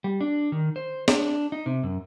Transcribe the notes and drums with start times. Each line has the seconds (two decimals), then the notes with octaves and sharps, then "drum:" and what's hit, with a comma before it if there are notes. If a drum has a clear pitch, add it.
0.04 G3
0.21 D4
0.52 D#3
0.76 C5
1.08 D4, drum: snare
1.52 D#4
1.66 C3
1.83 F#2